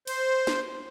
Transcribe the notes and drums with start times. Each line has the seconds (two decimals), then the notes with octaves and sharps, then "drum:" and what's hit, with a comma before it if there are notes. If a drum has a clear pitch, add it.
0.07 C5, drum: cymbal
0.47 drum: snare